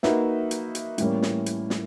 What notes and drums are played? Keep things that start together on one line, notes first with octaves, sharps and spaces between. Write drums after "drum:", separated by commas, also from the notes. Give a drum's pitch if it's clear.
A#3 D#4 F#4 B4 E5, drum: snare
drum: hi-hat
drum: hi-hat
A2 E3 G3 A#3 C#4, drum: hi-hat
drum: snare
drum: hi-hat
drum: snare